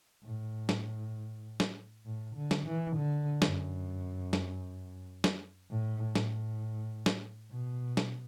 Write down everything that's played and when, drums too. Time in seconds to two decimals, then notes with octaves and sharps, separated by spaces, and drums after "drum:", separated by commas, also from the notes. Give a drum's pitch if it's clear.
0.24 A2
0.69 drum: snare
1.60 drum: snare
2.06 A2
2.36 D3
2.51 drum: snare
2.66 E3
2.97 D3
3.42 F#2, drum: snare
4.33 drum: snare
5.24 drum: snare
5.70 A2
6.15 A2, drum: snare
7.06 drum: snare
7.51 B2
7.97 drum: snare